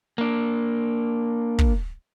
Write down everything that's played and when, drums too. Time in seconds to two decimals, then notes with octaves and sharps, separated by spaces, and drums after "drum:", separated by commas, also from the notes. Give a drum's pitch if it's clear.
0.18 A#3 D4
1.59 drum: kick